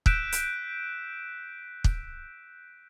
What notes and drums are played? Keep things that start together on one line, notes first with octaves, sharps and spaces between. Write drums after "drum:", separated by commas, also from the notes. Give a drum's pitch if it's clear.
E6 F#6 G6 B6 D7 E7, drum: kick
drum: hi-hat
drum: kick